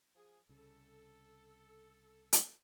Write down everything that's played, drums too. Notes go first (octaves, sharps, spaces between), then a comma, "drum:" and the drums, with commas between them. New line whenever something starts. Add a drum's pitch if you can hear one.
F3 G#4
C2 C#3 A4
drum: hi-hat